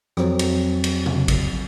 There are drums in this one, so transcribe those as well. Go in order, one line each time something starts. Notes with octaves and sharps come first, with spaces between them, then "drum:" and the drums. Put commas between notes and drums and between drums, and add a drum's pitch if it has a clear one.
F2 F#3 C4, drum: rim click
drum: cymbal
drum: cymbal
drum: tom C3
drum: kick A#1, cymbal